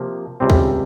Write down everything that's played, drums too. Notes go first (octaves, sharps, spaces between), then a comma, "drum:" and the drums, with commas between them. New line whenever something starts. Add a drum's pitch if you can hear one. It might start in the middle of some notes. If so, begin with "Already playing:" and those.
Already playing: C3 F3 A#3
C#2 C3 G3 C4
drum: kick